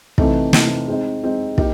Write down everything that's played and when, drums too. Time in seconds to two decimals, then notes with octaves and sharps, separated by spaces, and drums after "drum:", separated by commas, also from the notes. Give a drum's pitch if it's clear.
0.18 C3 E3 A3 C4 D#4, drum: kick
0.53 C3 E3 A3 C4 D#4, drum: snare
0.88 G#3 C4 D#4
1.23 G#3 C4 D#4
1.58 A#3 D#4 G4 A#4, drum: kick